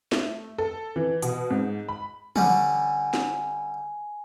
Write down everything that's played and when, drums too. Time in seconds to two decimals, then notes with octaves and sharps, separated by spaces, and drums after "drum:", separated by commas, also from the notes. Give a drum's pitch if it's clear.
0.12 A3, drum: snare
0.58 A4
0.96 E3
1.22 B2, drum: hi-hat
1.51 G#2
1.89 B5
2.36 D3 G3 C#4 G#5, drum: tom
3.14 drum: snare